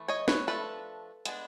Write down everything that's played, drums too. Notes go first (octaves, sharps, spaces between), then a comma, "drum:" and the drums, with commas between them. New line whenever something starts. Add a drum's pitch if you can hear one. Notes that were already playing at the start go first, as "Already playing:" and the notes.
Already playing: E3 A3
C#5 D#5
B4 C#5, drum: snare
F3 A3 D4 A4 B4
G#3 B3 D4, drum: hi-hat